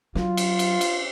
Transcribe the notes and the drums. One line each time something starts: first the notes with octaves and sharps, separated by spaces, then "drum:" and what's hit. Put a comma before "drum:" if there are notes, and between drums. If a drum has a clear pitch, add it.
F#3 F4, drum: snare
drum: cymbal
drum: cymbal
drum: cymbal